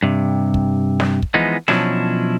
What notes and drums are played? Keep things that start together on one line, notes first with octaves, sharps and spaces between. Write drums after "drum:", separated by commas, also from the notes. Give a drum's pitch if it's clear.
G2 C3
drum: kick
drum: snare
drum: kick
E3 F3 G#3 B3 D#4
B2 F3 F#3 C#4 D4 E4, drum: snare